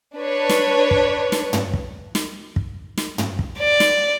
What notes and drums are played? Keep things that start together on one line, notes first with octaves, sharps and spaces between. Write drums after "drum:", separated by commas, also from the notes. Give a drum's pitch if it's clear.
D4 B4 C#5
drum: snare
drum: kick
drum: snare
drum: tom
drum: kick
drum: snare
drum: kick
drum: snare
drum: tom
drum: kick
D5
drum: snare